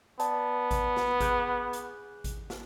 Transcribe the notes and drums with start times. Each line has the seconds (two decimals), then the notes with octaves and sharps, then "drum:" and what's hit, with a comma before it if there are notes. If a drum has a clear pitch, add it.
0.20 B3 D5 A5, drum: hi-hat
0.71 drum: kick G#1, hi-hat
0.96 drum: snare
1.21 G#4 F#6 G6, drum: kick G#1, hi-hat
1.73 drum: hi-hat
2.24 drum: kick G#1, hi-hat
2.50 drum: snare